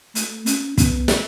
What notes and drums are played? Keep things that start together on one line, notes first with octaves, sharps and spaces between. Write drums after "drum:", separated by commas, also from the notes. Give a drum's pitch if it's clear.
A3, drum: hi-hat
C#4, drum: hi-hat
B3, drum: kick, hi-hat
drum: snare